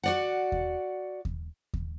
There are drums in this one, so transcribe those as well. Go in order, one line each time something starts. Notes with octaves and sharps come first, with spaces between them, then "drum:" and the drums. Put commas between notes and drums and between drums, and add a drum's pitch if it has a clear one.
F#4 D5 F#5
drum: kick D#2
drum: kick D#2
drum: kick D#2